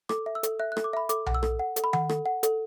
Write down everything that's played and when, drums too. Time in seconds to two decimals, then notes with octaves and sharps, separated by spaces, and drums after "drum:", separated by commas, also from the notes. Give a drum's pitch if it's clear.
0.09 A4 D6, drum: rim click
0.26 E5
0.35 E6
0.43 A4, drum: hi-hat
0.59 E5 F#6
0.72 F#6
0.77 A4, drum: rim click
0.84 D6
0.93 E5 B5
1.09 A4 D6, drum: hi-hat
1.26 F#5, drum: tom B1
1.35 E6
1.43 A4, drum: rim click
1.59 F#5
1.76 A4, drum: hi-hat
1.84 B5
1.93 F#5, drum: tom D#3
2.09 A4, drum: rim click
2.26 F#5
2.43 A4, drum: hi-hat